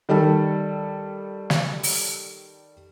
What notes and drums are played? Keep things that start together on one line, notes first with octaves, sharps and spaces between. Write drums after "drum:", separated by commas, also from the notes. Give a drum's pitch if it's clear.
D#3 G3 A4 A5
drum: snare
drum: open hi-hat